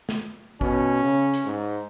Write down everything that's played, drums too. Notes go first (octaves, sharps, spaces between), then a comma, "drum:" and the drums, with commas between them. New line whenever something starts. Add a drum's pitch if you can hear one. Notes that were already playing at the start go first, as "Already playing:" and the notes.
drum: snare
B2 C#4, drum: kick A1
C#3
drum: hi-hat
G#2